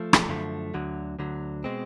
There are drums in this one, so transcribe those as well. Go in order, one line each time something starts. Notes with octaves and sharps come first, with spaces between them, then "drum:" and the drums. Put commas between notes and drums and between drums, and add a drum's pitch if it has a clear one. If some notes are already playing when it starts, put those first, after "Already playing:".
Already playing: F3 A3
drum: rim click
F#2 D3 F3 A3
D2 D3 F#3
D2 D3 F#3
B2 G#3 C4